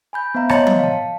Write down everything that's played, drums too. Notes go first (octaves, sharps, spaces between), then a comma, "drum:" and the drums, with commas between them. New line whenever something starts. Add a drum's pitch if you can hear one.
G#5 B5 G6
B3 C5 E5 F5 A#5
C#5 D#5 A5 C6 A6 C#7, drum: rim click
drum: tom F3
F5 A5